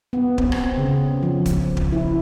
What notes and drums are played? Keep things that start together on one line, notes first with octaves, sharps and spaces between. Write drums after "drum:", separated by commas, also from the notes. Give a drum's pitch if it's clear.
B3
C4, drum: kick
drum: rim click
C#3
F3
drum: kick, hi-hat
drum: kick
E4